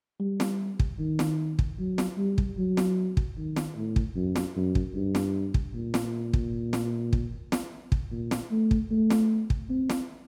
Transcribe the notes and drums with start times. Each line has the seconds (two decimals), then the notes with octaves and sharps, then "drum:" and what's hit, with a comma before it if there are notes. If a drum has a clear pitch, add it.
0.20 G3
0.40 drum: snare
0.79 drum: kick
0.99 D#3
1.19 drum: snare
1.59 drum: kick
1.79 F#3
1.98 drum: snare
2.17 G3
2.38 drum: kick
2.58 F#3
2.77 drum: snare
3.17 drum: kick
3.37 D#3
3.56 drum: snare
3.76 A2
3.96 drum: kick
4.16 F#2
4.36 drum: snare
4.56 F#2
4.75 drum: kick
4.95 G2
5.15 drum: snare
5.54 drum: kick
5.74 A#2
5.94 drum: snare
6.33 drum: kick
6.73 drum: snare
7.13 drum: kick
7.52 drum: snare
7.92 drum: kick
8.11 A#2
8.31 drum: snare
8.51 A3
8.71 drum: kick
8.91 A3
9.10 drum: snare
9.50 drum: kick
9.69 C4
9.90 drum: snare